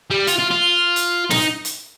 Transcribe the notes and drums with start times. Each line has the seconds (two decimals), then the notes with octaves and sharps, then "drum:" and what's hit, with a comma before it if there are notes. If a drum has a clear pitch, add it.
0.10 G3
0.27 F4, drum: hi-hat
0.38 F4
0.50 F4
0.96 drum: hi-hat
1.31 D#4, drum: snare
1.65 drum: hi-hat